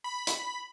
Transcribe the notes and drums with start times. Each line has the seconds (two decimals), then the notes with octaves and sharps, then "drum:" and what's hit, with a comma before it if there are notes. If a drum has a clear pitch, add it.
0.04 B5
0.27 drum: hi-hat